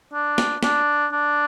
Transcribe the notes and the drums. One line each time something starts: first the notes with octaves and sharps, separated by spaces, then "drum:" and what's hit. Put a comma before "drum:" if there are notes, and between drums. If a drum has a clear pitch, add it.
D4
drum: snare
D4, drum: snare
D4